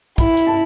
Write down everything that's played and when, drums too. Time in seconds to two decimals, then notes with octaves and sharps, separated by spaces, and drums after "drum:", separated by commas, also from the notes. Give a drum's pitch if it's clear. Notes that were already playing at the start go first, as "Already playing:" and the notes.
0.18 E4 B5, drum: kick, hi-hat
0.37 drum: hi-hat
0.47 A5